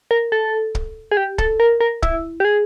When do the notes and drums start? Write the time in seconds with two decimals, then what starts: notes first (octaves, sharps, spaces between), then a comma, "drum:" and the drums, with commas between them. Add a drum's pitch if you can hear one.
0.11 A#4
0.32 A4
0.75 drum: kick
1.11 G#4
1.17 G4
1.38 A4, drum: kick
1.60 A#4
1.81 A#4
2.03 E4, drum: kick
2.40 G4
2.45 G#4